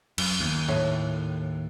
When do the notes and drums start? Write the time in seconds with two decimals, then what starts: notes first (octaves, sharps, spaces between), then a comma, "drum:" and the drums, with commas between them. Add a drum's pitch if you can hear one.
0.18 F#2, drum: cymbal
0.41 D#2
0.68 A2